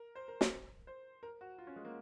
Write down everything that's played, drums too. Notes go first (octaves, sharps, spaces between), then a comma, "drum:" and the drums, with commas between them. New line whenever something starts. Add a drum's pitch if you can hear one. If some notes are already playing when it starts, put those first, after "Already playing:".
Already playing: A#4
C5
A#4
C5, drum: snare
C5
A#4
F#4
F4
C#4
G#3
A#3